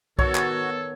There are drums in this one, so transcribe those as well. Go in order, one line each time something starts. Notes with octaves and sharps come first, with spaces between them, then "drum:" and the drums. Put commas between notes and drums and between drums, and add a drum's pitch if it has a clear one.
D#3 B3 F#4 A4 C#5, drum: kick B1
drum: clap